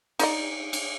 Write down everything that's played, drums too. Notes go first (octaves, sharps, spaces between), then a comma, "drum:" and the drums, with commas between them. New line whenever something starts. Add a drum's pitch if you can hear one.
D#4 D5 D#5, drum: cymbal
drum: cymbal